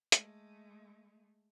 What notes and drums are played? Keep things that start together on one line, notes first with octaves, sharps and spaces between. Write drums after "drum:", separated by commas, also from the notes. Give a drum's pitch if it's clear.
G#3 A3, drum: hi-hat